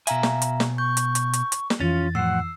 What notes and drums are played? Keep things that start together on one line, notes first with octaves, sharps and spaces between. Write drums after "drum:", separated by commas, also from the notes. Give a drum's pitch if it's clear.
B2 E5 F5 G#5 A#5, drum: hi-hat
drum: snare
drum: hi-hat
drum: snare
C#6 G6
drum: hi-hat
drum: hi-hat
drum: hi-hat
drum: hi-hat
drum: snare
F2 E3 C#4 F4 A6
A2 F3 F#5 E6 C7